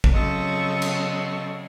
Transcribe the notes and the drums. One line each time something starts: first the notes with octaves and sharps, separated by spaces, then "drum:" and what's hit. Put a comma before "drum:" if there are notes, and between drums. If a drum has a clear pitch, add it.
drum: kick
C#3 F#3 C4 A4 D#5 C#6
drum: cymbal